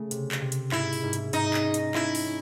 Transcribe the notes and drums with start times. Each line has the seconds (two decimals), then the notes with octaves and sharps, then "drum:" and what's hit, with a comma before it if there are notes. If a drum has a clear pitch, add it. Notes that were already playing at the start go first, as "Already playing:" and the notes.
Already playing: C#3 A3
0.11 C3, drum: hi-hat
0.32 drum: clap
0.41 C3
0.52 drum: hi-hat
0.72 G#2 E4, drum: clap
0.93 drum: open hi-hat
1.03 G#2
1.13 drum: hi-hat
1.33 G#2 D#4, drum: hi-hat
1.54 drum: clap
1.64 C#4
1.74 drum: hi-hat
1.95 C#4 E4, drum: clap
2.15 drum: open hi-hat
2.25 C#4